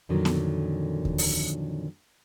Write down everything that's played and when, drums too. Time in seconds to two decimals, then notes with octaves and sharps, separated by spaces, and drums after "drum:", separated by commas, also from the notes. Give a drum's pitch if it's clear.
0.09 F2 A#2 D3 D#3 F#3
0.25 drum: snare B3
1.05 drum: kick D#2
1.18 drum: open hi-hat